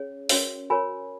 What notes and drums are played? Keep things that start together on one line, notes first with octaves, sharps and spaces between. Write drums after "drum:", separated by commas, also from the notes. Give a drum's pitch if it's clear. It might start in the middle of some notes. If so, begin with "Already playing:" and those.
Already playing: C#4 G#4 C#5
C#4 F#4 A#4 C#5, drum: open hi-hat
F#4 A#4 C#5 G#5 B5